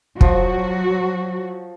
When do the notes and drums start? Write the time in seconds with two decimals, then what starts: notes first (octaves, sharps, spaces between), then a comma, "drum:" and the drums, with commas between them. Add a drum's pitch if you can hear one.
0.21 F3 F#3 F#4, drum: kick